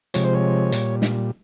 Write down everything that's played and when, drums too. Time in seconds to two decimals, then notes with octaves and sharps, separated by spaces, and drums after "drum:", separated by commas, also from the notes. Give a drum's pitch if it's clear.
0.14 C3 F3 G#3 C#5, drum: hi-hat
0.24 C5
0.34 C#5
0.72 A#2 G3, drum: hi-hat
1.02 drum: snare